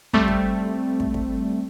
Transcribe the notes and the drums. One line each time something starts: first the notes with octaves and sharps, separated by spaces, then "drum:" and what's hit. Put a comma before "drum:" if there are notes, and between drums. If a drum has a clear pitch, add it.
G3 A3 C4, drum: kick
drum: kick
drum: kick
drum: kick